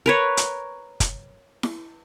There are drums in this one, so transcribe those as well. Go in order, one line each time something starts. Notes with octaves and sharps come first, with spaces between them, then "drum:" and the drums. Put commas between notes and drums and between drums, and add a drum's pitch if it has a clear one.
A#4 B4 C#5
drum: hi-hat
drum: kick, hi-hat
drum: snare E4